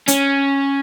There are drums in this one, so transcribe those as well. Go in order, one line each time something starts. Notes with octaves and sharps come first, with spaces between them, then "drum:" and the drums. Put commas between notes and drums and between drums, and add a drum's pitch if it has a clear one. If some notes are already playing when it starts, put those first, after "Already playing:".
C#4, drum: hi-hat